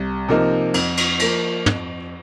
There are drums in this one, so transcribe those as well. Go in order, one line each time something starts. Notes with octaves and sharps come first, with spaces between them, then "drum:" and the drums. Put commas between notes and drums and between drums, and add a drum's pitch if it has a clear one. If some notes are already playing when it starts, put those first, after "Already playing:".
Already playing: C2
C3 F3 A#3 D#4
F2, drum: cymbal
drum: cymbal
F3 A#3, drum: cymbal
F2, drum: tom